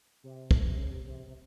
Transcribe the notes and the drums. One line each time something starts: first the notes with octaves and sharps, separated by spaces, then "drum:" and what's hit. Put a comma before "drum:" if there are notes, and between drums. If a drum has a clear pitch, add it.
C3
drum: kick
C3
C#3
C3
C3
C3